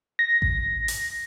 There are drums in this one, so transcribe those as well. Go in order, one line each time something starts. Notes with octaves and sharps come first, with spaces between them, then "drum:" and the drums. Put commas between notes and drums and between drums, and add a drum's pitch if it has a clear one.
A#6
drum: kick A1
drum: hi-hat